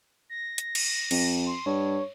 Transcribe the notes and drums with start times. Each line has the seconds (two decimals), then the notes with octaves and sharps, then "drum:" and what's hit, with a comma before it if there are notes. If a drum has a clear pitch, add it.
0.30 A#6
0.58 drum: hi-hat
0.75 drum: cymbal
1.11 F2, drum: cymbal
1.46 C6
1.66 G2 C#5